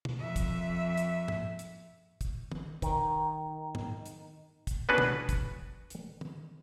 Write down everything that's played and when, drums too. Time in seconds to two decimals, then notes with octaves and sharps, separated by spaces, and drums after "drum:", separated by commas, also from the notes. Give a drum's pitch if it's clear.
0.05 drum: tom
0.18 F2 E5
0.36 drum: kick, hi-hat
0.97 drum: hi-hat
1.28 drum: tom
1.59 drum: hi-hat
2.21 drum: kick, hi-hat
2.52 drum: tom
2.82 D#3, drum: kick, hi-hat
3.75 drum: tom
4.06 drum: hi-hat
4.67 drum: kick, hi-hat
4.89 B3 C#4 D4 F#4 G#4 B4
4.98 drum: tom
5.29 drum: kick, hi-hat
5.90 drum: hi-hat
6.21 drum: tom